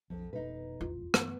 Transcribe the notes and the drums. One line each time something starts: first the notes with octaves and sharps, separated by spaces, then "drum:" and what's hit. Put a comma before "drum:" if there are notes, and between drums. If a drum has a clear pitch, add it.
B1 F2 F3
F1 B2 D#4 B4
E1 A#1 F2 F4
G2 E3 B3, drum: rim click